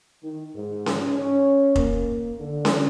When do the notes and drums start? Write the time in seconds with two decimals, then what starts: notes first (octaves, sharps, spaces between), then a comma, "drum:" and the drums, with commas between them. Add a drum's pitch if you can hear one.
0.23 D#3
0.55 G#2
0.86 drum: snare C#4
1.12 C#4
1.76 A#3, drum: kick F1
2.39 D3
2.65 drum: snare C#4